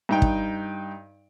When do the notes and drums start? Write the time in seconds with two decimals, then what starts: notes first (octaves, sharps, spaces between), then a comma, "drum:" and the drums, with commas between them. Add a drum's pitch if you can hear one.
0.09 G2 D#4 G5
0.22 drum: kick